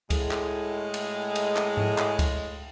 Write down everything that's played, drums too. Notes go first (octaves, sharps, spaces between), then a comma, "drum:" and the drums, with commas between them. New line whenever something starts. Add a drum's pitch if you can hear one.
A2 G#3, drum: kick C#2, cymbal
drum: clap
drum: cymbal
drum: cymbal
drum: clap
drum: tom G#2
drum: clap
drum: kick C#2, cymbal